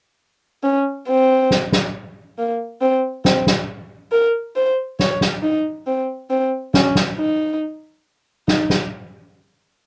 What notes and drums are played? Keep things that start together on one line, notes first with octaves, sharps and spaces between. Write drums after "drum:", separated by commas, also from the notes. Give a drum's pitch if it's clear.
C#4
C4
drum: snare
drum: snare
A#3
C4
C4, drum: snare
drum: snare
A#4
C5
C#5, drum: snare
drum: snare
D#4
C4
C4
C#4, drum: snare
drum: snare
D#4
D#4, drum: snare
drum: snare